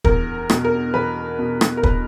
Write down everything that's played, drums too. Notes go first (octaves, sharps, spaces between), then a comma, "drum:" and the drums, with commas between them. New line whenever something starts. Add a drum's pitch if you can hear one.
E2 A#4, drum: kick
B2, drum: rim click
A#4
E2 B4
B2
drum: rim click
A#4
B4, drum: kick